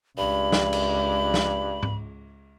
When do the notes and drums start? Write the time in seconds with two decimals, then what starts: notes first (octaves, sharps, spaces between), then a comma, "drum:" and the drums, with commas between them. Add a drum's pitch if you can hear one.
0.18 C#2 G2 B5
0.52 drum: snare
0.73 drum: cymbal
1.34 drum: snare
1.83 drum: tom G#2